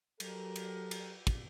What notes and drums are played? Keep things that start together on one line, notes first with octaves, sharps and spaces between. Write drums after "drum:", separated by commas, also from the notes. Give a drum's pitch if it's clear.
F#3 G4 A4 A#4, drum: cymbal
drum: cymbal
drum: cymbal
drum: kick, cymbal